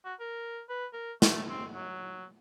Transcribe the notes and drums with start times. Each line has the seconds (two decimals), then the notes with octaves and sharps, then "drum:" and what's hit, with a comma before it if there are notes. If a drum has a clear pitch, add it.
0.05 F#4
0.20 A#4
0.69 B4
0.93 A#4
1.22 A3, drum: snare
1.48 C4
1.73 F#3